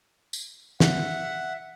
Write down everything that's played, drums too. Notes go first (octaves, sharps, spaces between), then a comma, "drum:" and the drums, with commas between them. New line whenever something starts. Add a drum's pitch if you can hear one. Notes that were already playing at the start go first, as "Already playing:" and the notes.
drum: tambourine
E5 F#5, drum: snare